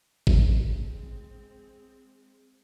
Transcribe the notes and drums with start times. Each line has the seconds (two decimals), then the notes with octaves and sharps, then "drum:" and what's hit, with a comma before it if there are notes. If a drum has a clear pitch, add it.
0.27 G#3 C4, drum: kick